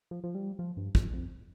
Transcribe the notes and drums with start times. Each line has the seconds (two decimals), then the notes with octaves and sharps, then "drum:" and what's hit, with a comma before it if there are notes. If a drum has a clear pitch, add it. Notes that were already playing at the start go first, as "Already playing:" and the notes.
0.11 F3
0.24 F3
0.35 G3
0.59 F3
0.77 G2
0.95 F2, drum: kick
1.13 F2